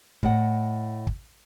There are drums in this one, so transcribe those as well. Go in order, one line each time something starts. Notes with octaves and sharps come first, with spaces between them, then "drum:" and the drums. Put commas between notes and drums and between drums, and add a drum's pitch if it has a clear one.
A2 D#5 F#5, drum: kick
drum: kick